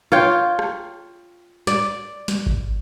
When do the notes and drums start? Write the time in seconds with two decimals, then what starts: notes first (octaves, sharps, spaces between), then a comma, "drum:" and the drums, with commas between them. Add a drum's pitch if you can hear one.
0.12 F4 C#5 G5
0.59 drum: rim click
1.67 D5, drum: snare
2.28 drum: snare
2.46 drum: kick G#1